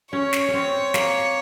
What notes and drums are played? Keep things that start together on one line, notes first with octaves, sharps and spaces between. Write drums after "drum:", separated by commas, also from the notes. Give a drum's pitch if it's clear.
C#4 C#5
drum: snare
C#4
C4
A#3, drum: snare